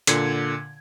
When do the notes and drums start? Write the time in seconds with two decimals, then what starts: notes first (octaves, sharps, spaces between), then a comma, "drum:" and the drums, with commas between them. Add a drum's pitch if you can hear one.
0.07 A#2 D3 G#6, drum: hi-hat